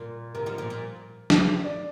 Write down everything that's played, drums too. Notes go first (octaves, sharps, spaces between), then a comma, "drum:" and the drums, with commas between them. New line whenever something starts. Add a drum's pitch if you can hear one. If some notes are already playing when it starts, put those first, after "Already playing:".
Already playing: A#2
C3 A#4
D3 F3
A#2
A#2
drum: snare
D5